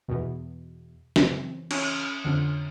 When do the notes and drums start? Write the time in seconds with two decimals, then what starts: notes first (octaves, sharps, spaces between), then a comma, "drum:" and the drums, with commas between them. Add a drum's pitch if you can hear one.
0.08 E2 B2
1.16 F#2 C#3 E3 C4, drum: snare
1.71 C#4, drum: cymbal
2.24 F2 D3